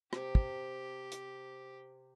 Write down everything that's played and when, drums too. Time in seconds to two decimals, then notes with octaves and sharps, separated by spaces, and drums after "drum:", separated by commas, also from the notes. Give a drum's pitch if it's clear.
0.13 C3 G4, drum: rim click
0.35 drum: kick
1.12 drum: hi-hat